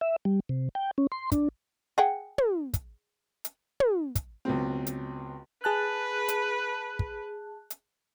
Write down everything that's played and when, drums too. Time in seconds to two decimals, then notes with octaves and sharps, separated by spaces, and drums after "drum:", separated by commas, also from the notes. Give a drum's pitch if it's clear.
0.01 E5
0.25 G3
0.49 C3
0.75 G5
0.98 C#4
1.12 C6
1.32 D4, drum: kick, hi-hat
1.98 G#4 F#5 G5
2.38 drum: tom
2.74 drum: kick, hi-hat
3.45 drum: hi-hat
3.80 drum: tom
4.16 drum: kick, hi-hat
4.45 C#2 B2 F#3 C4
4.86 drum: hi-hat
5.64 G#4 B4 A5 F#6
6.28 drum: hi-hat
6.99 drum: kick
7.70 drum: hi-hat